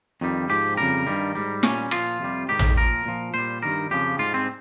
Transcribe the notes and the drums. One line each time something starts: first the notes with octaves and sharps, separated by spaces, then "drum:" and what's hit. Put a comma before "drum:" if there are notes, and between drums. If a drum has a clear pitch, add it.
F2 D#3 G3
G#2 F3 G4
F2 C#3 G3 A#4
G2 D#3 G3
G#2 G3
A#2 G3 C#4, drum: snare
A#2 F3 F4, drum: rim click
F2 C3 G3
G#2 D#3 G3 G4
drum: tom A1
A#2 F3 A#4
A#2 F3
A#2 G3 C5
G2 D#3 G3 A#4
F2 C#3 F3 G4
G#2 G3 F4
C4